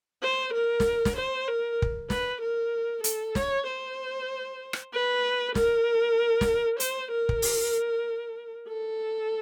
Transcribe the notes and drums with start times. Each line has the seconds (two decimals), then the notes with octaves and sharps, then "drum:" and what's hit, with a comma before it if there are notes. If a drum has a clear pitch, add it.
0.22 C5
0.54 A#4
0.80 drum: snare
1.05 drum: snare
1.17 C5
1.48 A#4
1.82 drum: kick
2.10 B4, drum: snare
2.42 A#4
3.04 A4, drum: hi-hat
3.35 C#5, drum: snare
3.67 C5
4.73 drum: rim click
4.93 B4
5.55 A#4, drum: snare
6.41 drum: snare
6.80 C5, drum: hi-hat
7.12 A#4
7.29 drum: kick
7.42 drum: open hi-hat
8.68 A4